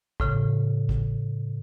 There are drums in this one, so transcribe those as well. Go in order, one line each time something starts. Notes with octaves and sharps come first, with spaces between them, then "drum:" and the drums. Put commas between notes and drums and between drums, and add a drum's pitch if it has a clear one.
A2 C#3, drum: kick G#1
drum: kick G#1